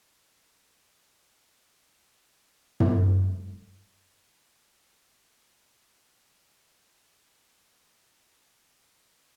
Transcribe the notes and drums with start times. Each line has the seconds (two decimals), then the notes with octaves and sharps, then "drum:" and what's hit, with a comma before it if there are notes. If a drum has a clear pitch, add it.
0.16 C#3
0.43 F#3
0.80 C3
1.05 D4
1.37 F#3
1.61 D#2
1.77 D#3
1.96 B3
2.09 D5
2.43 F#2 D3 F#3 F4
2.80 drum: tom
4.14 G3 G#3 D#4 F#4 F5
5.01 F#2 A#2 D#3 A#3 B3 C#4
5.71 A4
6.80 E4
7.04 E3
7.23 D5
7.86 G#3 A#3 B4
8.25 G3
8.98 A#1 G#3